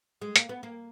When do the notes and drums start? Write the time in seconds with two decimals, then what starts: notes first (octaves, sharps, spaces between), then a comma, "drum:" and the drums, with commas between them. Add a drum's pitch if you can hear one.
0.21 G#3
0.36 A#3, drum: hi-hat
0.49 B3
0.63 A#3